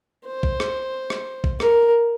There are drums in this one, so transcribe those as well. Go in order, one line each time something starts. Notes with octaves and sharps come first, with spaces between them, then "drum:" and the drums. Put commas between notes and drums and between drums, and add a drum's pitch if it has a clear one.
C5
drum: kick
drum: rim click
drum: rim click
drum: kick
A#4, drum: rim click